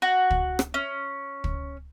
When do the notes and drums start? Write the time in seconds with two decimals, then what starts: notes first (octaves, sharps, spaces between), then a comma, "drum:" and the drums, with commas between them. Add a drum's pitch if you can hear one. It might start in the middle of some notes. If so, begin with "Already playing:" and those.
0.02 F#4
0.30 drum: kick
0.59 drum: rim click
0.74 C#4
1.44 drum: kick